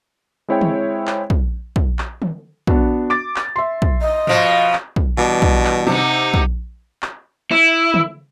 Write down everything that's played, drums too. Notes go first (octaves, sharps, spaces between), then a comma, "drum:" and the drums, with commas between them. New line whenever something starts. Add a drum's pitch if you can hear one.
G#3 C4 E4 C#5 E5 G5
drum: tom
drum: clap
drum: kick
drum: kick
drum: clap
drum: tom
B3 D4 F#4, drum: kick
D6 A6
drum: clap
E5 C6
drum: kick
D#5
B2 F3, drum: tom
drum: clap
drum: kick
B2 E3 G3 D4
drum: kick
drum: clap
C3 D#4 F#5, drum: tom
drum: kick
drum: clap
E4
drum: tom